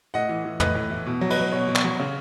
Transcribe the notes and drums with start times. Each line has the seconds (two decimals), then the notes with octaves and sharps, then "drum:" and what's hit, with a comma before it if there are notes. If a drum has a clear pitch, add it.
0.14 A2 D#5 F#5
0.29 E3
0.45 E3
0.60 A2 B4 D#5, drum: tom
0.75 A2
0.91 E3
1.06 B2
1.21 F#3
1.30 B4 D#5, drum: cymbal
1.38 F#3
1.52 B2 C#5
1.68 B2
1.76 C#5, drum: clap
1.84 F#3
2.00 C#3